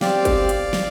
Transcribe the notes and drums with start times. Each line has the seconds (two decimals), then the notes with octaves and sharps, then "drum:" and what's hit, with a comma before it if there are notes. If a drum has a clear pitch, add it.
0.01 C4 G4 D5 F5, drum: snare
0.25 drum: kick, hi-hat
0.49 drum: hi-hat
0.73 drum: snare